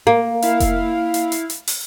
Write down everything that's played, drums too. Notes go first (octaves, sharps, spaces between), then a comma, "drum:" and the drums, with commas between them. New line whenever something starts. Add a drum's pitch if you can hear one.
A#3
E4 F5, drum: hi-hat
drum: kick F1, hi-hat
drum: hi-hat
drum: hi-hat
drum: hi-hat
drum: open hi-hat